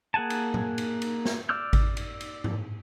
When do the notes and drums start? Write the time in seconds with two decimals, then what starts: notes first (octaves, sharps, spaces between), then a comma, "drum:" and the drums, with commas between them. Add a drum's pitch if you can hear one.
0.14 A#3 G#4 F#5 G#5 A5
0.30 drum: cymbal
0.54 drum: tom A#2
0.78 drum: cymbal
1.02 drum: cymbal
1.25 drum: snare
1.49 D5 D6 E6 F6 G6
1.73 drum: kick G#1, cymbal
1.97 drum: cymbal
2.21 drum: cymbal
2.44 drum: tom G#2